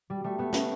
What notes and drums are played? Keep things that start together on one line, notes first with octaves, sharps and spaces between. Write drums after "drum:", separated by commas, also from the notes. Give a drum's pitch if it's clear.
G3
G3 A3
A3 B3
B3 C#4, drum: snare